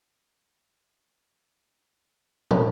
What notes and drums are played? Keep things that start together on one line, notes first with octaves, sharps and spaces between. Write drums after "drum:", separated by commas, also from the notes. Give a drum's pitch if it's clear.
C5 C#5 D6 G6
G#3 F#4 D5 F5 E7 F7
D#4 A4 F#5 A#5 E6
C4 D4 A4 A5
drum: tom